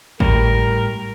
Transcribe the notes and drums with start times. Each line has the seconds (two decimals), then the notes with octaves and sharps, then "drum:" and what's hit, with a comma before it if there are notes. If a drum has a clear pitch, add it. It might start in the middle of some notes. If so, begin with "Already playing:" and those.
0.20 A2 G3 A#4, drum: kick G#1